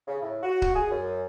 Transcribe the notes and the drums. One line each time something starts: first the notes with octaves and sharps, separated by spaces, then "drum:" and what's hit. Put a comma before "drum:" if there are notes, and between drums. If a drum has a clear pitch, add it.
C#3
A2
F#4
drum: kick C#1
G#4
F#2